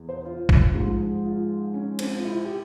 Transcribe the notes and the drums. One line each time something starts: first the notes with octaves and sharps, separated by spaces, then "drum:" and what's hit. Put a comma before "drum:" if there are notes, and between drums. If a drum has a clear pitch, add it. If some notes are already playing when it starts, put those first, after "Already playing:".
Already playing: E2
C5
F4
drum: kick
G#2 F3 G#3
F4
C#4
C4, drum: cymbal
F4
E4
G4